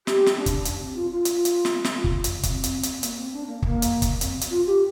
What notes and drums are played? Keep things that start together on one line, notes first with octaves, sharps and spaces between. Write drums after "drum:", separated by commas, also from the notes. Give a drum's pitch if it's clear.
G4, drum: snare
drum: snare
D4
drum: kick, hi-hat
D4, drum: hi-hat
C4
F4
F4
drum: hi-hat
drum: hi-hat
drum: snare
drum: snare
drum: kick
drum: hi-hat
C4, drum: kick, hi-hat
drum: hi-hat
drum: hi-hat
C4
A#3, drum: hi-hat
C4
D4
A#3
A#3, drum: kick
drum: hi-hat
drum: kick, hi-hat
C4, drum: hi-hat
drum: hi-hat
F4
G4